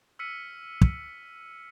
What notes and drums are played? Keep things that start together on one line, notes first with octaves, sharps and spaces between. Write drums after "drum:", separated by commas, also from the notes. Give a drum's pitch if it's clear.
E6 F6 B6 C#7 D#7
drum: kick